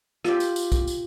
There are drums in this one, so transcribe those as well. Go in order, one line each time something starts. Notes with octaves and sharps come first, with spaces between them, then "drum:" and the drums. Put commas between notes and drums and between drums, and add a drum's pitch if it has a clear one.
F4 G4, drum: rim click
drum: tambourine
drum: tambourine
drum: kick, tambourine
drum: tambourine